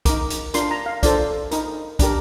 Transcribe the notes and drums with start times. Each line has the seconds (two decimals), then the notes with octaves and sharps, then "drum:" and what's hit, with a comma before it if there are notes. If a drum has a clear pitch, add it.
0.05 D#4 A#4 D6, drum: kick, hi-hat
0.30 drum: hi-hat
0.54 D4 F4 A#4 C6, drum: hi-hat
0.71 A#5
0.86 F5
1.03 D4 F4 A4 C5 D5, drum: kick, hi-hat
1.51 D#4 A#4, drum: hi-hat
1.99 D4 G4 A#4, drum: kick, hi-hat